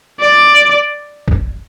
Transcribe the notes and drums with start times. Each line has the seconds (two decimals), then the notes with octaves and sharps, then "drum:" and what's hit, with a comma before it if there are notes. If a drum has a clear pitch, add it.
0.20 D5
1.28 drum: kick A#1